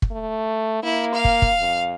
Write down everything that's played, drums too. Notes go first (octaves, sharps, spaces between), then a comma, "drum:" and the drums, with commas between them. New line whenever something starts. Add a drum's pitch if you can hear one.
drum: kick
A3
A#3 E4
F5
drum: kick
drum: kick
F2